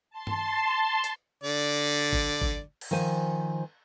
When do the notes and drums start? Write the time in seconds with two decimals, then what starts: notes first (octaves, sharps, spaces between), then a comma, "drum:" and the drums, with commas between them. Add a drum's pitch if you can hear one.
0.10 A5 C6
0.27 drum: tom G2
1.04 drum: hi-hat
1.44 D3 D5
2.13 drum: kick
2.42 drum: kick
2.81 drum: cymbal
2.91 D#3 F3 C5 G#5